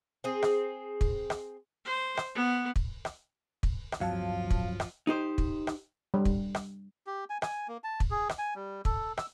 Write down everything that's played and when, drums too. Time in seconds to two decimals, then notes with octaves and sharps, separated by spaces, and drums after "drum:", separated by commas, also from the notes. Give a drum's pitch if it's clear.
0.24 C4 G#4
0.42 drum: rim click
1.01 drum: kick
1.30 drum: rim click
1.85 C5
2.17 drum: rim click
2.35 B3
2.76 drum: kick
3.05 drum: rim click
3.63 drum: kick
3.92 drum: rim click
4.01 D1 G2 F3 F#3 C4 F4 F5 A5
4.51 drum: kick
4.80 drum: rim click
5.07 D#4 G4 C5
5.38 drum: kick
5.67 drum: rim click
6.14 G3
6.25 drum: kick
6.55 drum: rim click
7.07 G4
7.30 G#5
7.42 G#5, drum: rim click
7.68 A#3
7.84 A5
8.00 drum: kick
8.11 G#4
8.29 drum: rim click
8.39 G#5
8.55 G3
8.85 A4, drum: kick
9.17 E6, drum: rim click